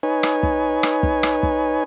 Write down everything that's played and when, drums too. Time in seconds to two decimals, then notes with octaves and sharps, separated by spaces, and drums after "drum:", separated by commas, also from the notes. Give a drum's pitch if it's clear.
0.03 D#4 B4 C#5 G#5
0.23 drum: rim click
0.43 drum: kick
0.83 drum: rim click
1.03 drum: kick
1.23 drum: rim click
1.43 drum: kick